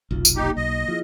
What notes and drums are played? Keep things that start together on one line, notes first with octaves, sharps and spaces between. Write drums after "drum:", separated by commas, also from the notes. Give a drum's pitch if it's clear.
F1 B1 F4
drum: tambourine
A#3 D#4 G4
B1 D#5
F3 E4 F4 G#4